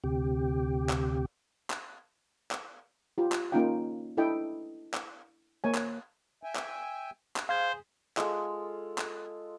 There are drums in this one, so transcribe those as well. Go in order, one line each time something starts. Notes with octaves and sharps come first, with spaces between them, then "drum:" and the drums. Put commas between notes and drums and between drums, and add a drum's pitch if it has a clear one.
D2 C3 G4
drum: clap
drum: clap
drum: clap
F4 G4
drum: clap
A#3 C#4 D#4 F4 F5 G5
D4 E4 A4 D#5 G5
drum: clap
A#3 C#5 G#5
drum: clap
E5 G5 G#5
drum: clap
drum: clap
G#4 C5 F5 G#6
G#3 F4 A4, drum: clap
drum: clap